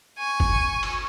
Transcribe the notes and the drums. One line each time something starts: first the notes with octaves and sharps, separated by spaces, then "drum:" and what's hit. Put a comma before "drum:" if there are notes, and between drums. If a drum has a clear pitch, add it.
G#5 C#6
drum: kick
drum: cymbal